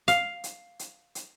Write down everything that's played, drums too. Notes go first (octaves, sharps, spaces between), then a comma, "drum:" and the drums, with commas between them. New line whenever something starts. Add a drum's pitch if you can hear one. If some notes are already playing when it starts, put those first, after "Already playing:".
F5, drum: hi-hat
drum: hi-hat
drum: hi-hat
drum: hi-hat